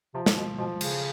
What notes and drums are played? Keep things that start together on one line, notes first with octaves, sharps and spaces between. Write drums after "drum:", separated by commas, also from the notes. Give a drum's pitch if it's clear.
C3 F3
drum: snare
B2
B2 F3
C#3, drum: cymbal